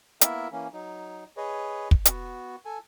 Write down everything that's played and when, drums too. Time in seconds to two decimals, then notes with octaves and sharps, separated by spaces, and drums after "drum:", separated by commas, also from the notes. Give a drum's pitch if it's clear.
0.21 A#3 B3 E4 A#4 E5, drum: hi-hat
0.52 E3 A#3 C#4
0.73 F#3 D#4
1.37 G#4 B4 C#5 D#5
1.91 drum: kick
2.05 B3 F#4, drum: hi-hat
2.65 A4 G#5